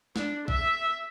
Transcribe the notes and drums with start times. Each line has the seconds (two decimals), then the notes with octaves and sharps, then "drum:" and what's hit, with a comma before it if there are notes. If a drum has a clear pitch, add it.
0.16 D4, drum: snare
0.48 E5, drum: kick B1